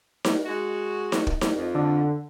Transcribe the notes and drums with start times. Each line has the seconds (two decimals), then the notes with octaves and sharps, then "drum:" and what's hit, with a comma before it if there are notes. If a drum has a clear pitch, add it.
0.25 drum: snare D#4
0.46 G#3 F#4
1.12 drum: snare D#4
1.27 drum: kick
1.41 drum: snare D#4
1.56 F2
1.75 D3